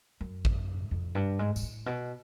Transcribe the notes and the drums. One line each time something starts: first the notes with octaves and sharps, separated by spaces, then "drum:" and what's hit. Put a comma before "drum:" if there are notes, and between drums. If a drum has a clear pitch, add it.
F#2
drum: kick A1
F2
G2
G#2
G#2, drum: tambourine
A2
B2